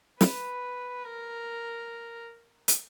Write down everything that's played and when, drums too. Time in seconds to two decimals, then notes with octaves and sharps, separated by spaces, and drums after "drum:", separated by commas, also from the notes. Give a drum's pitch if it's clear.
0.21 B4, drum: snare
1.04 A#4
2.68 drum: hi-hat